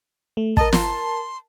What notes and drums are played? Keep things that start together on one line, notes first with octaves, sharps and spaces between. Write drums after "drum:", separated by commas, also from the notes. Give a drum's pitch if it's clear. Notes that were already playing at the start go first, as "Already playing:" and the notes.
A3
A#4 D#5 A5, drum: kick
C6, drum: snare